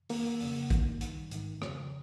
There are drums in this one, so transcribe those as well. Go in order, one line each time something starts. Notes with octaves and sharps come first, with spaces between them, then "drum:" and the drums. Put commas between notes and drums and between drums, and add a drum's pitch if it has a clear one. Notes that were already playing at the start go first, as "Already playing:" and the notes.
F2 D#3 A#3, drum: open hi-hat
F2 C#3, drum: open hi-hat
G2 D#3, drum: kick A1, hi-hat
G2 D#3, drum: hi-hat
G#2 D#3, drum: hi-hat
F2 C#3, drum: rim click